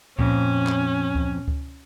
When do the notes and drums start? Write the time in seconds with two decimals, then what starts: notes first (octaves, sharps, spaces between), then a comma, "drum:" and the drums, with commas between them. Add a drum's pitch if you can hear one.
0.19 F2 A#2 C#4, drum: kick C#2
0.67 drum: clap
1.15 drum: kick C#2
1.48 drum: kick C#2